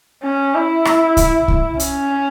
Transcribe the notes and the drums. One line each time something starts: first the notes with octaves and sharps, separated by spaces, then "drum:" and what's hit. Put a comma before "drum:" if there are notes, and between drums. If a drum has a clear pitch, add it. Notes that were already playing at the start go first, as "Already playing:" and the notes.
C#4
E4
drum: rim click
drum: kick C2, hi-hat
drum: kick C2
C#4, drum: hi-hat